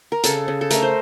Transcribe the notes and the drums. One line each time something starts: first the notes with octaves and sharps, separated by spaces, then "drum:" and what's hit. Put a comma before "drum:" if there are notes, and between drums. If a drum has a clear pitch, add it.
A#4
C#3 A4, drum: hi-hat
C#3
A4
A3 A#4, drum: hi-hat
C5